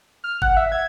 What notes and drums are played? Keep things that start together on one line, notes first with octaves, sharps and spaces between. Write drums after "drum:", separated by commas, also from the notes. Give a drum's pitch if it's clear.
F6
F#5, drum: kick G1
E5
G#6